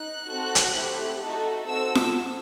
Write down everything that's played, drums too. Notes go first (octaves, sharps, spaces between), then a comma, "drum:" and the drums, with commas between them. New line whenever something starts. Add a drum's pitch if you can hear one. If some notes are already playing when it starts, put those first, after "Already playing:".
Already playing: D#4 F#6
C4 F#4 A4
drum: hi-hat
A3 C4 E4 G4
A3 D#4 F#4 A4
C4 F#4 A4 E6
drum: snare F4